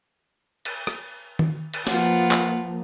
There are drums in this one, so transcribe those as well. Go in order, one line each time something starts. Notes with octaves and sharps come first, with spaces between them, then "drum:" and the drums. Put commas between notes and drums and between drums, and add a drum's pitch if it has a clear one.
drum: cymbal
drum: rim click
drum: tom D#3
drum: cymbal
F3 A#3 F4 B4 F#5, drum: snare
drum: clap